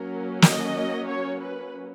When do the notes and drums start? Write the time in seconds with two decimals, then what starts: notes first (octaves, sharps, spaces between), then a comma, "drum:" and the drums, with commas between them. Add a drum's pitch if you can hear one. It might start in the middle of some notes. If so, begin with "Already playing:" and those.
Already playing: F#3 A#3 C#4 A#4
0.42 D#5, drum: snare
1.07 C#5
1.40 B4